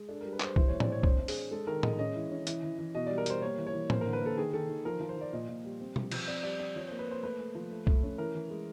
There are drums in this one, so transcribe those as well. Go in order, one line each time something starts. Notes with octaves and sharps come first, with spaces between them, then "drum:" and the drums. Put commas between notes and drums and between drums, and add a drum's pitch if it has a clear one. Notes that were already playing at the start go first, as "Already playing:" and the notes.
Already playing: G#3
D4 A4
G3 A#4
B4
G3 C5, drum: clap
E3 C5, drum: kick
A2 C#5
D5, drum: tom A2
C4 C#5
D4 C5, drum: kick
D4
G#4, drum: open hi-hat
D4
G#3 A4
D#3 A#4
G#3 D#5, drum: tom A2
C#4 D#5
E3
C#4
E3, drum: hi-hat
E3
E3
B2 D#5
G3 D5
A#4
G3 C5, drum: hi-hat
A#3 C#5
E3
C#5
E3
A#3 C5, drum: tom A2
D3 A#4
B4
A#3 A4
D#3 G#4
D#3 A4
D#3
F3 A#4
F3
C5
F3 D5
A#2 D#5
A#2
G3
C4
F3, drum: tom
F3, drum: cymbal
C4 D5
G3 D5
C4 D5
F3 C#5
A#3 C5
B4
A#3 C5
A3 B4
A3
F3
A3
A3, drum: kick
C#4
E3 A#4
E3
G#3